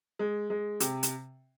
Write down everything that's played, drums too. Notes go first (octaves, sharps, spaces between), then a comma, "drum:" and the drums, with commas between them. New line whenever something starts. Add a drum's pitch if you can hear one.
G#3
G#3
C3, drum: hi-hat
drum: hi-hat